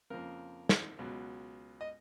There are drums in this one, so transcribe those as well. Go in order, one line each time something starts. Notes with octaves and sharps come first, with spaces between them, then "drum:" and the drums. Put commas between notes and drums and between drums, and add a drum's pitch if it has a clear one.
F2 C#3 F3 A#3 A#4
drum: snare
C#2 B2 F#3
D#5